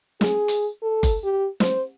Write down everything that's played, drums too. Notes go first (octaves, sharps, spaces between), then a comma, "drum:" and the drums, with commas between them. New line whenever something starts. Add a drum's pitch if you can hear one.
G#4, drum: snare
drum: hi-hat
A4
drum: kick F#1, hi-hat
G4
C5, drum: snare